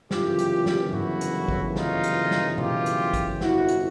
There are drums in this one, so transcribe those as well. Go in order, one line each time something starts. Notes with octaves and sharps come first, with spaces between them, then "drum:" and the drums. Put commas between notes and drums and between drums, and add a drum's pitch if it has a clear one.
G1 F#2 C#3 E3 F4 G4, drum: snare
drum: hi-hat
drum: snare
E4 F#4, drum: tom G#2
drum: hi-hat
drum: kick
D#4 F4, drum: snare
drum: hi-hat
drum: snare
F4 G4, drum: tom B2
drum: hi-hat
drum: kick, hi-hat
G1 F2 C3 E4 F#4, drum: snare
drum: hi-hat